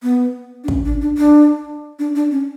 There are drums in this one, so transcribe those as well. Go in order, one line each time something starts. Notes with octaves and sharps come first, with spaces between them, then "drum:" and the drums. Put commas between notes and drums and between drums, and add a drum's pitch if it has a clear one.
B3
D4
C#4, drum: kick
D4
D4
D4
D4
D4
C#4